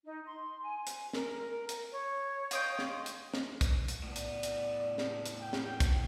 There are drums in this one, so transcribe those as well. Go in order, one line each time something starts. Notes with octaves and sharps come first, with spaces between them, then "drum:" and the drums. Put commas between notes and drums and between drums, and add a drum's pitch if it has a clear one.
D#4
C6
G#5
drum: hi-hat
A#4, drum: snare
A#4
drum: hi-hat
C#5
F4 D#5 G5, drum: hi-hat
drum: snare
drum: hi-hat
drum: snare
drum: kick, hi-hat
drum: hi-hat
A2 B3 D5
drum: hi-hat
drum: hi-hat
drum: snare
drum: hi-hat
G5
drum: snare
drum: kick, hi-hat